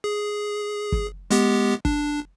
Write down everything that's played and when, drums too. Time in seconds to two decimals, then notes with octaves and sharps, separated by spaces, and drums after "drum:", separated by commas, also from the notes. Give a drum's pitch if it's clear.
0.04 G#4
0.92 drum: kick
1.31 G#3 B3 G4, drum: hi-hat
1.85 D4, drum: kick